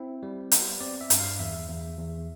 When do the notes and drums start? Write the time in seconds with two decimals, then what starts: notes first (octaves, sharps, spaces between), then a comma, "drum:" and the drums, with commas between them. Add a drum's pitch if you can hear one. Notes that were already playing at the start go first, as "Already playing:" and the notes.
Already playing: C4 E4
0.23 G3
0.52 B3, drum: hi-hat
0.80 C4 D5
1.01 E5
1.10 G2, drum: hi-hat
1.20 F5
1.39 E2 E5
1.68 E2
1.98 E2